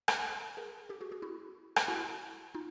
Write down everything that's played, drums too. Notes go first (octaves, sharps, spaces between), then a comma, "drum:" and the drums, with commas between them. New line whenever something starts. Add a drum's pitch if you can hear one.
drum: rim click
G#4 A#4
G4 A4
F#4 G#4
F#4 G#4
E4 F#4
drum: rim click
E4 F#4
D#4 F4